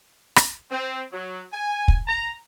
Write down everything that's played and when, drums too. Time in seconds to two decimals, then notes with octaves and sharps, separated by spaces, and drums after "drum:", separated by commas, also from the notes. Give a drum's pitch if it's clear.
0.36 drum: rim click
0.71 C4
1.12 F#3
1.53 G#5
1.88 drum: kick
2.07 A#5